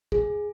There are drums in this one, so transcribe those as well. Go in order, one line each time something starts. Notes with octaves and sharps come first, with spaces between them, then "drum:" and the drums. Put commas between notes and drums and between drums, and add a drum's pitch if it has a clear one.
G#4, drum: kick